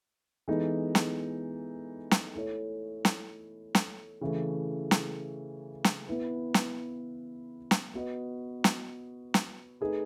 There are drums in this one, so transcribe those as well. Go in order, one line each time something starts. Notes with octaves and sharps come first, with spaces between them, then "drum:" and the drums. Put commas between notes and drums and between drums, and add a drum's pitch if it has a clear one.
E3 G#3 B3 D#4 A4
drum: snare
drum: snare
A3 E4 A4 C#5
drum: snare
drum: snare
C#3 E3 A3
drum: snare
drum: snare
B3 E4 B4
drum: snare
drum: snare
B3 F#4 B4 D#5
drum: snare
drum: snare
A3 D#4 G#4 B4